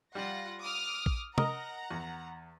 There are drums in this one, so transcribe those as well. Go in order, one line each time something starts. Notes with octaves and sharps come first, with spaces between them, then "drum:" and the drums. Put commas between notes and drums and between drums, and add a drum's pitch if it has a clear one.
G3 F4 F#5 A#6
D6 D#6 F6
drum: kick A#1
A#4 D#5 F#5 A#5, drum: tom
E2